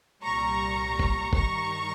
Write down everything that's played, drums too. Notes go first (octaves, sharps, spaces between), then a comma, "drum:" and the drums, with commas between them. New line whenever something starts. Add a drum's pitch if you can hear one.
C2 A#2 G3 A#5 C#6
drum: kick
G2 D#3 G3 A#5 C#6, drum: kick